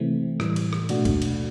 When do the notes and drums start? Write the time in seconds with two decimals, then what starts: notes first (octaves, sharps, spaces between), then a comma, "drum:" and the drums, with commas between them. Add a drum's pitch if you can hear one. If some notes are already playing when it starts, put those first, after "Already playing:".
Already playing: C3 E3 A3 C4
0.40 A2 E3 G3, drum: rim click
0.56 drum: cymbal
0.73 drum: rim click
0.89 B2 A3 D4 F#4, drum: cymbal
1.05 drum: kick, cymbal
1.22 drum: cymbal